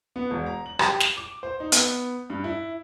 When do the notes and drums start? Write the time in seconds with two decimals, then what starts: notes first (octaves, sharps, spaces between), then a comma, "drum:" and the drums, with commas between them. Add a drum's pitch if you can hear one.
0.16 B3
0.31 E1
0.46 A#5
0.66 F#7
0.79 G4, drum: rim click
1.00 E7, drum: snare
1.17 D6
1.43 C5
1.60 D#4
1.72 B3, drum: hi-hat
2.30 G2
2.44 E4